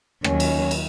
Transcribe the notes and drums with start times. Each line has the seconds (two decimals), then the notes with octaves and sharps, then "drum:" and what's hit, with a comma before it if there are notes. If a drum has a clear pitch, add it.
0.24 D#2 D#3 F#3 C#4, drum: rim click
0.40 drum: cymbal
0.71 drum: cymbal